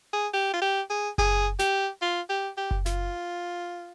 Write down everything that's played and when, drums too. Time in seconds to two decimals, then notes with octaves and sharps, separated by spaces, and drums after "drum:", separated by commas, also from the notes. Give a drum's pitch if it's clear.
0.13 G#4
0.33 G4
0.54 F4
0.62 G4
0.90 G#4
1.18 G#4, drum: kick F#1
1.59 G4, drum: snare
2.02 F4
2.29 G4
2.57 G4
2.71 drum: kick F#1
2.86 F4, drum: snare